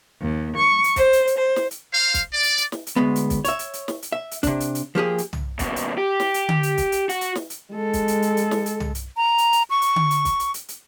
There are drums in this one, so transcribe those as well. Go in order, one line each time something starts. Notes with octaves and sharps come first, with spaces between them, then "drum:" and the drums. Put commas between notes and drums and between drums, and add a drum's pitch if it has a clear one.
D#2
C#6
drum: hi-hat
C5, drum: kick, hi-hat
drum: hi-hat
drum: hi-hat
C5
drum: snare
drum: hi-hat
C5 F5
drum: kick, hi-hat
D5
drum: hi-hat
drum: hi-hat
drum: snare
drum: hi-hat
D2 G#3 B3
drum: hi-hat
drum: kick, hi-hat
C#5 E5, drum: hi-hat
drum: hi-hat
drum: hi-hat
drum: snare
drum: hi-hat
E5
drum: hi-hat
C3 D4, drum: kick, hi-hat
drum: hi-hat
drum: hi-hat
F3 A#3 G4 G#4
drum: hi-hat
drum: tom
D#2 B2, drum: kick, hi-hat
drum: hi-hat
G4
drum: snare
drum: hi-hat
drum: tom D3
drum: hi-hat
drum: kick, hi-hat
drum: hi-hat
F#4, drum: hi-hat
drum: hi-hat
drum: snare
drum: hi-hat
G#3 A4
drum: kick, hi-hat
drum: hi-hat
drum: hi-hat
drum: hi-hat
drum: snare
drum: hi-hat
drum: tom
drum: hi-hat
A#5
drum: hi-hat
drum: hi-hat
C#6
drum: hi-hat
drum: tom D3
drum: hi-hat
drum: kick, hi-hat
drum: hi-hat
drum: hi-hat
drum: hi-hat